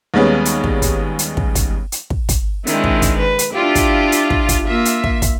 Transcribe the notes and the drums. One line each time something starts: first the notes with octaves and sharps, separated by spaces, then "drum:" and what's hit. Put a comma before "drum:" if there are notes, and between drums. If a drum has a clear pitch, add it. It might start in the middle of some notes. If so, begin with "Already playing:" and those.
D#2 G3 G#3 B3 C#4
drum: hi-hat
drum: kick
drum: kick, hi-hat
drum: hi-hat
drum: kick
drum: kick, hi-hat
drum: hi-hat
drum: kick
drum: kick, hi-hat
D#3 G#3 C4 D4 E4, drum: hi-hat
drum: kick
drum: kick, hi-hat
B4
drum: hi-hat
D4 E4 F4 G4
drum: kick, hi-hat
drum: hi-hat
drum: kick
drum: kick, hi-hat
A#3 F4 E5
drum: hi-hat
drum: kick
drum: kick, hi-hat